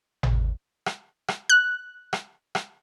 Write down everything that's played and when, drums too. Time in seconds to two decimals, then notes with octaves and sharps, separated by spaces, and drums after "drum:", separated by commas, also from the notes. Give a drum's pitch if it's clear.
0.23 drum: tom G#1
0.86 drum: rim click
1.28 drum: rim click
1.50 F#6
2.13 drum: rim click
2.55 drum: rim click